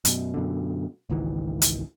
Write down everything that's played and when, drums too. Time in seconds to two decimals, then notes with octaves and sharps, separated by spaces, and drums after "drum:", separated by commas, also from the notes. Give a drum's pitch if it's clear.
0.05 F#2 B2, drum: hi-hat
0.34 F#2 B2 D3
1.10 G#1 C#2 D#3 E3
1.62 drum: hi-hat